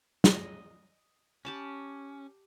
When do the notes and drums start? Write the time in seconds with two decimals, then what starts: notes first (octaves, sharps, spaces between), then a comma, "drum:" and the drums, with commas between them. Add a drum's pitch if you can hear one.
0.24 D#5, drum: snare
1.45 C#4 G4 A5 B5